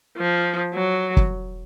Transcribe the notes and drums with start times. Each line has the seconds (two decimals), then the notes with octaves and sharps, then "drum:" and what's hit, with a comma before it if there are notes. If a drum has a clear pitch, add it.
0.17 F3
0.74 F#3
1.17 drum: kick